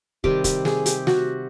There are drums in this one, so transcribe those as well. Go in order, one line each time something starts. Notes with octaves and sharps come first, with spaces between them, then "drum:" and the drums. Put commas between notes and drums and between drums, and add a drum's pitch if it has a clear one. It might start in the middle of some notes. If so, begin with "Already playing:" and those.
C3 D#3 G3 G4, drum: kick
G4, drum: kick, hi-hat
G#4, drum: snare
G4, drum: hi-hat
F#4, drum: snare